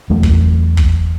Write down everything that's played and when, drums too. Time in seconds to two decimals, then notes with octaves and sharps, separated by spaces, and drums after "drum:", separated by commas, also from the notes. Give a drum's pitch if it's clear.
0.10 E2 F#3 A3
0.23 drum: kick
0.77 drum: kick